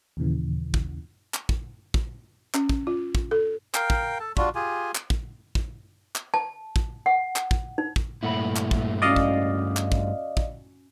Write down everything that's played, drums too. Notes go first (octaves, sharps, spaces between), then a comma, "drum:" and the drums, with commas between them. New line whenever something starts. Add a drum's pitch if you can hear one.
D#2 A#2 C#3 E3
drum: kick
drum: clap
drum: kick
drum: kick
C#4, drum: clap
drum: kick
F4
drum: kick
A4
A#4 F5 G5, drum: clap
drum: kick
A4 A5
G3 D4 F4 F#4, drum: kick
F4 G4 G#4 G#5
drum: clap
drum: kick
drum: kick
drum: clap
A5
drum: kick
F#5
drum: clap
drum: kick
D#4
drum: kick
G2 A#2 A3 E4 F#5 B5
drum: clap
drum: kick
C#4 F#4 D5 D#5 F5
drum: kick
drum: clap
drum: kick
drum: kick